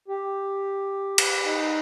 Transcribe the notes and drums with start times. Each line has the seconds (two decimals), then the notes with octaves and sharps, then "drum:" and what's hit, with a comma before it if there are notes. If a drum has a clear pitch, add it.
0.08 G4
1.18 drum: cymbal
1.45 D#4